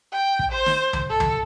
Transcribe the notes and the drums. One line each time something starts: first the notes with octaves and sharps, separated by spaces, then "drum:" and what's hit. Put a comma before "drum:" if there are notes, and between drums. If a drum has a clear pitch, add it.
G5
drum: kick
C5
drum: snare
drum: tom C#2
A4
drum: tom C#2